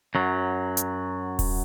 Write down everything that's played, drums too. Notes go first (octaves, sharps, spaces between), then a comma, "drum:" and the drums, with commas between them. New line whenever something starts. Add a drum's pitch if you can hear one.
F#2 F#3
drum: hi-hat
drum: kick D#1, open hi-hat